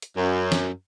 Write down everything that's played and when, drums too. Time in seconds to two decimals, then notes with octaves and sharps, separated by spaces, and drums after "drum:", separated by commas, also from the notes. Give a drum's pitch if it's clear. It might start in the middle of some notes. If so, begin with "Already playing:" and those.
0.02 drum: hi-hat
0.17 F#2
0.52 drum: snare